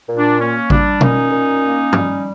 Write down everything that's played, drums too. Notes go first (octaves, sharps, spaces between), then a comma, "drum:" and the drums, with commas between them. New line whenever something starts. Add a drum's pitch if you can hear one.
A#2
D4
A#3 C#4
G3 D4, drum: kick A1
A#2 C#4 D#4, drum: tom B2
A#2
A#3
G3, drum: tom G2